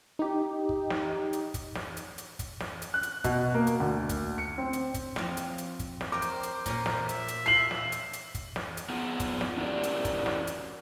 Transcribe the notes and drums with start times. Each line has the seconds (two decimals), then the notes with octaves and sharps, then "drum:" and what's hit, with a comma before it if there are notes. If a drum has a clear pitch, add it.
0.19 D#4 G4
0.69 drum: kick
0.90 drum: snare
1.33 drum: hi-hat
1.54 drum: kick, hi-hat
1.75 drum: snare
1.97 drum: hi-hat
2.18 drum: hi-hat
2.39 drum: kick, hi-hat
2.60 drum: snare
2.82 drum: hi-hat
2.94 F#6
3.03 drum: hi-hat
3.24 B2, drum: kick, hi-hat
3.54 A#3
3.67 drum: hi-hat
3.80 D2
4.09 drum: kick, hi-hat
4.38 C#7
4.58 C4
4.73 drum: hi-hat
4.94 drum: kick, hi-hat
5.16 F3 C4 F4, drum: snare
5.37 drum: hi-hat
5.58 drum: hi-hat
5.79 drum: kick, hi-hat
6.01 drum: snare
6.12 A#4 C5 G5 D6
6.22 drum: hi-hat
6.43 drum: hi-hat
6.66 A#2 C#4 A#4, drum: kick, hi-hat
6.86 drum: snare
7.09 E5, drum: hi-hat
7.28 drum: hi-hat
7.46 F4 C7 F#7
7.71 drum: snare
7.92 drum: hi-hat
8.13 drum: hi-hat
8.35 drum: kick, hi-hat
8.56 drum: snare
8.77 drum: hi-hat
8.90 B3 F4 G#4 F#5
9.20 drum: kick, hi-hat
9.41 drum: snare
9.57 C#4 E4 F#4 G4 A#4 D5
9.83 drum: hi-hat
10.05 drum: kick, hi-hat
10.26 drum: snare
10.47 drum: hi-hat